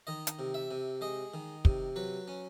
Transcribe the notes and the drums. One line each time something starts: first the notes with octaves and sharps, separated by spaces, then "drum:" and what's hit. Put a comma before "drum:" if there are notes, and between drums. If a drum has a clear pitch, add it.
D#3 D#5
drum: hi-hat
C3
E5
C3
G#3 D#5
D#3
C3, drum: kick
F#3 B4
C#4